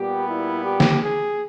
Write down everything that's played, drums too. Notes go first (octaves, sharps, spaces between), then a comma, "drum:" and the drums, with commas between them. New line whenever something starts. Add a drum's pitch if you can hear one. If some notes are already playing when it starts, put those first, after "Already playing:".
Already playing: A#2 G3 B3 G4
E4
G4
drum: snare
G#4